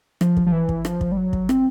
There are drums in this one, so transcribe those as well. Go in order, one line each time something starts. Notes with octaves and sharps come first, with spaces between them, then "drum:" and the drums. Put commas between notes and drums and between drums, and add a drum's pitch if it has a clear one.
F3, drum: rim click
drum: kick
F3
E3
drum: kick
F3, drum: rim click
drum: kick
G3
F#3
drum: kick
C4, drum: rim click